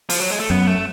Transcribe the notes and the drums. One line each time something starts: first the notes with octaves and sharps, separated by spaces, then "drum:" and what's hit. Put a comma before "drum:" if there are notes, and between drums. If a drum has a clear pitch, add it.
F3, drum: open hi-hat
F#3
G#3
A3
F#2 B3
A3